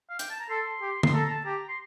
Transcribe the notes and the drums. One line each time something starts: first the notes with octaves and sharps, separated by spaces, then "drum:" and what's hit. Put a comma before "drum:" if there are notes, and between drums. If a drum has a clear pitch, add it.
F5
G5, drum: hi-hat
A5
A#5
A4 C6
G4
C6, drum: tom D3
A4 A#5
A5
G4 A#5
C6